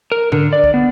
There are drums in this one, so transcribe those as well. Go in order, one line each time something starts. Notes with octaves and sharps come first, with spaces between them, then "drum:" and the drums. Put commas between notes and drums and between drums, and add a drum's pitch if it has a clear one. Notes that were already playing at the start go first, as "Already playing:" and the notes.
A#4
D3, drum: tom G#2
D5
drum: kick
B3